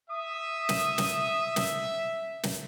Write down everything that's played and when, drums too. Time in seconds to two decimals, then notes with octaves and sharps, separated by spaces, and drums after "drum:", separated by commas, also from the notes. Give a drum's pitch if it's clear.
0.11 E5 D#6
0.69 drum: snare
0.98 drum: snare
1.56 drum: snare
2.43 drum: snare